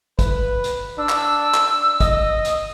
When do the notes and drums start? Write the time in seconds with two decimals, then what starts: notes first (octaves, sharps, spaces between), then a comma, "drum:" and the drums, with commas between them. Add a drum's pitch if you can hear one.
0.19 B4, drum: kick, hi-hat
0.64 drum: hi-hat
0.98 D4 E6
1.09 drum: clap
1.54 drum: clap
2.00 D#5, drum: kick, hi-hat
2.45 drum: hi-hat